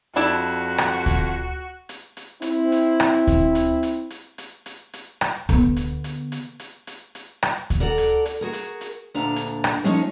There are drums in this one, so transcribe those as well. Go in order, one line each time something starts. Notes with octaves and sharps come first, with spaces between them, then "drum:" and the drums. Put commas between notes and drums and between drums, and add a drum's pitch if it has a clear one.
F2 D4 E4 F#4 B5
drum: rim click
drum: kick D2, hi-hat
drum: hi-hat
drum: hi-hat
C4 E4, drum: hi-hat
drum: hi-hat
drum: rim click
drum: kick D2, hi-hat
drum: hi-hat
drum: hi-hat
drum: hi-hat
drum: hi-hat
drum: hi-hat
drum: hi-hat
drum: rim click
D3 B3, drum: kick D2, hi-hat
drum: hi-hat
drum: hi-hat
drum: hi-hat
drum: hi-hat
drum: hi-hat
drum: hi-hat
drum: rim click
drum: kick D2, hi-hat
F#4 A4 A#4 D5
drum: hi-hat
drum: hi-hat
F#4 G#4 A#4
drum: hi-hat
drum: hi-hat
D2 A#2 D3 D4 F5 A#5
drum: hi-hat
drum: rim click
F3 G#3 A3 C#4 D#4 F4